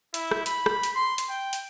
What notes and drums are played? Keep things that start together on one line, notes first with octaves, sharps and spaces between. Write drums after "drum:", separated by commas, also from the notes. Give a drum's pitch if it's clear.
E4, drum: hi-hat
drum: rim click
B5, drum: hi-hat
drum: rim click
drum: hi-hat
C6
drum: hi-hat
G5
drum: hi-hat